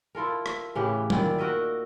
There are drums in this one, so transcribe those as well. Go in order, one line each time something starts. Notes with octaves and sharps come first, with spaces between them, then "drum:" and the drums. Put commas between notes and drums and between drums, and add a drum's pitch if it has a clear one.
E4 F4 A4 A#4
drum: rim click
A2 C#3 E3 G4
A#2 D#3 E4 D5, drum: tom F#3
F#4 A#4 D#5 E5